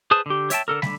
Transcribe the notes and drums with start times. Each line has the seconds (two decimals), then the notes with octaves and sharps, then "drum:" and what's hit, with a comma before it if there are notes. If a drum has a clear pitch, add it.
0.11 G#4 B4 C5 A5 D#6
0.26 D3 G4
0.50 C#5 E5 G5 A5, drum: hi-hat
0.68 D3 A4 A#4
0.82 D3 B5, drum: snare